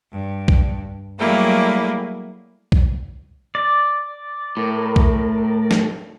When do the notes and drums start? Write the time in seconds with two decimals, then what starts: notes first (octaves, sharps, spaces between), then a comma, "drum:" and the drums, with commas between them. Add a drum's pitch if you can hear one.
0.11 G2
0.48 drum: kick B1
1.18 F#3 G3 A3 A#3 E4 G#4
2.72 drum: kick B1
3.55 D5
4.57 A2 A3 A#4
4.96 drum: kick B1
5.71 drum: snare